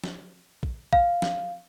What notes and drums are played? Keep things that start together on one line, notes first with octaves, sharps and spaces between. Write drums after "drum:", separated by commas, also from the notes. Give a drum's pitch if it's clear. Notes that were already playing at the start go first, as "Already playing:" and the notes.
drum: snare
drum: kick
F5, drum: kick
drum: snare